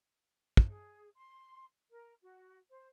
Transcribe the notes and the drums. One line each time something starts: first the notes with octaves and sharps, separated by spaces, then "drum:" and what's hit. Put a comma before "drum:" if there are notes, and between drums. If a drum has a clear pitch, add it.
drum: kick
G#4
C6
A#4
F#4
C5